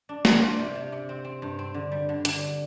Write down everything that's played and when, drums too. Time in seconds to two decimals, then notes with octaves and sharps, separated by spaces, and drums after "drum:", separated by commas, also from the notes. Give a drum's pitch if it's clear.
0.09 D4
0.25 F4, drum: snare
0.41 D4
0.59 C3
0.75 C3
0.92 C3
1.09 C4
1.25 C4
1.42 G2
1.59 C4
1.74 D3
1.92 G3
2.09 D3
2.25 D3, drum: hi-hat